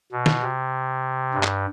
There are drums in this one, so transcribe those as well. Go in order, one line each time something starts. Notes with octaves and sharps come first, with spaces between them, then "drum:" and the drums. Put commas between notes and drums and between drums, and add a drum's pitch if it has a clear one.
B2
drum: snare
C3
G2
drum: clap